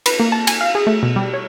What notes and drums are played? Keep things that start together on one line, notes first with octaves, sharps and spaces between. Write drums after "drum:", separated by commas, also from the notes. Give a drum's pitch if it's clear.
B4, drum: cymbal
A#3
A5
G#5, drum: cymbal
F5
G#4
A3
B2
G3
C#5